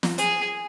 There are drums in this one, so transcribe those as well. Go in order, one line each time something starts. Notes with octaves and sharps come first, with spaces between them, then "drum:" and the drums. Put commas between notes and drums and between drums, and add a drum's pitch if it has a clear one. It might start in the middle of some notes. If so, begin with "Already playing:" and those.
drum: snare
G#4, drum: hi-hat